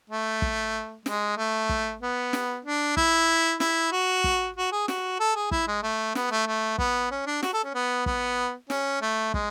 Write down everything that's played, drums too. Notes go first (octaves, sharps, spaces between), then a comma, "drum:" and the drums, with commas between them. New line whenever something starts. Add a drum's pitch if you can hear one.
A3
drum: kick
G#3, drum: snare
A3
drum: kick
B3
drum: snare
D4
E4, drum: kick
E4, drum: snare
F#4
drum: kick
F#4
G#4
F#4, drum: snare
A4
G#4
E4, drum: kick
G#3
A3
B3, drum: snare
A3
A3
B3, drum: kick
C#4
D4
F#4, drum: snare
A4
C#4
B3
B3, drum: kick
C#4, drum: snare
A3
G#3, drum: kick